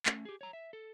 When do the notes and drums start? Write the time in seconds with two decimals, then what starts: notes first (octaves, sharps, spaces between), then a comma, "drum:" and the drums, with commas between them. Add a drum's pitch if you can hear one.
0.06 A3 C#4, drum: clap
0.25 G4 G#4
0.41 C#5 A#5
0.53 E5
0.73 A4